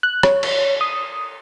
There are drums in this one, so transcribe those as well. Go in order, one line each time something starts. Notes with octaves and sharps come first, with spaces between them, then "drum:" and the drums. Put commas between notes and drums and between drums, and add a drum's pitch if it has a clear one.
F#6
C#5, drum: rim click
drum: cymbal
D#6